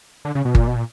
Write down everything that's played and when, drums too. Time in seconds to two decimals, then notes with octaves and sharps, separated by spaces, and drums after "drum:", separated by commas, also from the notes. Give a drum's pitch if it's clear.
0.25 D3
0.35 C#3
0.45 B2
0.55 A#2, drum: kick G1
0.68 B2
0.76 A#2